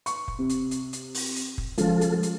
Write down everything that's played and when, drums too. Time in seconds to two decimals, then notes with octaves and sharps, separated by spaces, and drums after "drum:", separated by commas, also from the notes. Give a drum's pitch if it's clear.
0.06 C#6, drum: hi-hat
0.28 drum: kick F1
0.39 C3
0.49 drum: hi-hat
0.71 drum: hi-hat
0.93 drum: hi-hat
1.14 drum: open hi-hat
1.36 drum: hi-hat
1.58 drum: kick F1
1.78 C#3 F3 G#3 F4 A4, drum: hi-hat
2.01 drum: hi-hat
2.23 drum: hi-hat